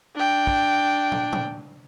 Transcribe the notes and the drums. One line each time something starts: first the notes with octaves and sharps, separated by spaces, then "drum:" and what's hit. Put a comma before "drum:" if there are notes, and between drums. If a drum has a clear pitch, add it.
D4 G5
drum: kick
drum: tom
drum: tom